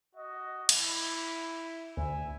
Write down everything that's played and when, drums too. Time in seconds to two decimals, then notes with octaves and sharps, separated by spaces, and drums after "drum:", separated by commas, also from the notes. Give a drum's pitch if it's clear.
0.15 F#4 D#5
0.69 E4, drum: cymbal
1.97 D2 E5 G#5